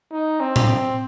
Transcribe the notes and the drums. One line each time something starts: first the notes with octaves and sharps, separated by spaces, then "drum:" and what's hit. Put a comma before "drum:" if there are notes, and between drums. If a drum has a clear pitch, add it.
D#4
C4
drum: tom A2